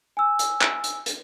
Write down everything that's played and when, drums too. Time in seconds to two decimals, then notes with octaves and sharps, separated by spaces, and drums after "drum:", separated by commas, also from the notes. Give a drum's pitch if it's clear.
0.17 G#5 E6
0.39 drum: hi-hat
0.61 drum: clap
0.84 drum: hi-hat
1.06 drum: hi-hat